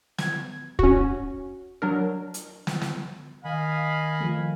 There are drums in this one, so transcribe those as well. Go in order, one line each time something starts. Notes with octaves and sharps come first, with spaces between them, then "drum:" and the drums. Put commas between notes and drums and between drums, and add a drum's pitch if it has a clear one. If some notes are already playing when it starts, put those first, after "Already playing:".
G#6, drum: snare
C#4 F#4, drum: kick
F#3 D4 A#4
drum: hi-hat
drum: snare
drum: snare
D#3 D#5 F5 G#5 B5
F3 A3